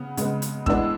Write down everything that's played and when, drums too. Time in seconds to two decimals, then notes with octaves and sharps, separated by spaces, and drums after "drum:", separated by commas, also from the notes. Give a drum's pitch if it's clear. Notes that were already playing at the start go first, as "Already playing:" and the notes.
Already playing: C#3 B3
0.17 C#3 G#3 B3, drum: hi-hat
0.42 drum: hi-hat
0.66 A2 E3 G#3 B3 D4 E6, drum: kick